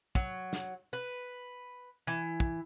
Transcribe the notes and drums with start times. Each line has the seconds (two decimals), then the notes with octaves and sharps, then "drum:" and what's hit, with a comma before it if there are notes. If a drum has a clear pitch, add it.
0.15 F#3, drum: kick
0.53 drum: snare
0.93 B4
2.07 E3
2.40 drum: kick